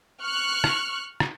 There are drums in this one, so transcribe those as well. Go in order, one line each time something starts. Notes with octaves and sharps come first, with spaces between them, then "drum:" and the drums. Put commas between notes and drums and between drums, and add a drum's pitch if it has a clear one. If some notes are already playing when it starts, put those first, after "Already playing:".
C#6 F6 F#6
drum: rim click
drum: rim click